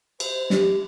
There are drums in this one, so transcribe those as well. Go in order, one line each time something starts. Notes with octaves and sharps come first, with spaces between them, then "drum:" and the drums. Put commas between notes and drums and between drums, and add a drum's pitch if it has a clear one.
C5, drum: cymbal
G4, drum: snare